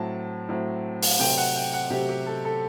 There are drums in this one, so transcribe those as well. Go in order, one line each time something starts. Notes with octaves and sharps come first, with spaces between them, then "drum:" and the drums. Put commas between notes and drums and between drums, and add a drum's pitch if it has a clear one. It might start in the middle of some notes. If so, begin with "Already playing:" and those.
Already playing: A2 F#3 C4 A5
A2 F#3 C4
drum: open hi-hat
C3 F#3 A3 C4 G5
F#5
G5
F#5
C3 F#3 A3 C4 G4
G4
A4
A4